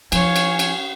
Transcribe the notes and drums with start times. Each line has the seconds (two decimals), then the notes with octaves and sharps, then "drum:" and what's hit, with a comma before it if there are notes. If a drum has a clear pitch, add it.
0.12 F3 E4 C#5 F5 G#5, drum: cymbal
0.36 drum: cymbal
0.59 drum: cymbal